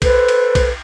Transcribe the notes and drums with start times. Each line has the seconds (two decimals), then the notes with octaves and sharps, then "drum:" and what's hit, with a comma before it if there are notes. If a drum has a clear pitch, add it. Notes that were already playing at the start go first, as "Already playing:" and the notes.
0.02 A4 B4 C5, drum: kick, cymbal
0.28 drum: cymbal
0.55 drum: kick, cymbal